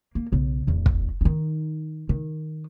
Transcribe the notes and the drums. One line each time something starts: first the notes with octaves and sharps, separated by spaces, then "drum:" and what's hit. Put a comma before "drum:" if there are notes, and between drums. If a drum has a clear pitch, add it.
A#3
B1 C#3
D1 E2
drum: kick
D#3 D#4
D#3